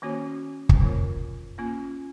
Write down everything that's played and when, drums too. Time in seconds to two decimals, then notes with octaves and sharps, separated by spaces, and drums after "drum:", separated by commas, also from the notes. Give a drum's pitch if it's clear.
0.02 D#3 A#3 C#4 F#4 C#5
0.69 drum: kick
0.81 D#3 A#3 F4 A#4 C#5
1.58 A#3 C#4 F4